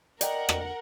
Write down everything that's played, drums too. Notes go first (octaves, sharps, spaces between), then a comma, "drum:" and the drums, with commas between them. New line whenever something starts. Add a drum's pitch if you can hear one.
A#4 D5 D#5 F#5 G5, drum: hi-hat
drum: rim click